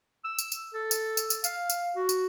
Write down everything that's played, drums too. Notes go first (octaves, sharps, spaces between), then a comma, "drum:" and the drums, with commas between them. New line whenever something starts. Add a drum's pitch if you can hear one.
E6
drum: tambourine
drum: tambourine
A4
drum: tambourine
drum: tambourine
drum: tambourine
F5, drum: tambourine
drum: tambourine
F#4
drum: tambourine